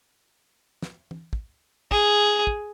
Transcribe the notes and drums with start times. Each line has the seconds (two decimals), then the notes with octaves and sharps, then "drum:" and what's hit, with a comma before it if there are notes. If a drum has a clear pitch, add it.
0.82 drum: snare
1.11 drum: tom
1.33 drum: kick
1.91 G#4, drum: kick
2.47 drum: kick